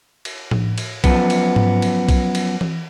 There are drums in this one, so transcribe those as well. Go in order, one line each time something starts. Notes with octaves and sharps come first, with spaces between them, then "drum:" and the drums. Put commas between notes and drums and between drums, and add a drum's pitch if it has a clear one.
drum: cymbal
drum: tom A2
drum: cymbal
F#2 F3 B3, drum: kick, cymbal
drum: cymbal
drum: tom G#2
drum: cymbal
drum: kick, cymbal
drum: cymbal
drum: tom E3